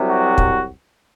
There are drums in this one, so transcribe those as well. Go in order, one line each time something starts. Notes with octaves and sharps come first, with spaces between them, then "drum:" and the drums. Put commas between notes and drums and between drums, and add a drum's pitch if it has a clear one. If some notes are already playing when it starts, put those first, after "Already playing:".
Already playing: C2 C3 F#3
F#4
drum: kick